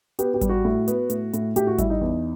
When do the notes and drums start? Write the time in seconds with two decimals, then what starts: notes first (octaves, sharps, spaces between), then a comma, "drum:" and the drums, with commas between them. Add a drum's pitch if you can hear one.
0.19 B3 G4, drum: hi-hat
0.34 G4
0.41 G3, drum: kick G#1, hi-hat
0.49 F#4
0.65 A2
0.88 B3, drum: hi-hat
1.10 A2, drum: hi-hat
1.33 A2, drum: hi-hat
1.56 A2 G4, drum: hi-hat
1.67 F#4
1.78 G3 E4, drum: kick G#1, hi-hat
1.90 D#4
2.01 E2